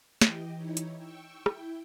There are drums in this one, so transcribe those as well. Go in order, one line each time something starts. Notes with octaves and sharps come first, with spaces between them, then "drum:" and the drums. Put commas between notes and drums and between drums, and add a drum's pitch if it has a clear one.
E3 G4 D#5 G5, drum: snare
E3 D#4 E4 C#5
drum: hi-hat
G5 C#6 E6
E4 G5, drum: rim click